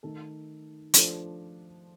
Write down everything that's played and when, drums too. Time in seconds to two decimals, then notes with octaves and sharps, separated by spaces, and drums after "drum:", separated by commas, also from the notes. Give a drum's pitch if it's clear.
0.03 D#3 A3 D#4 A4
0.94 F3 A3 D4 A4 C5, drum: hi-hat